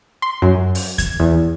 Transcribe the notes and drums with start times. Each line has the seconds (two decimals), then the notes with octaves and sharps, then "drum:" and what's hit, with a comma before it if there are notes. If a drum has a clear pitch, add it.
0.22 C6
0.42 F#2
0.75 drum: open hi-hat
0.98 G#6, drum: kick D#2, hi-hat
1.20 E2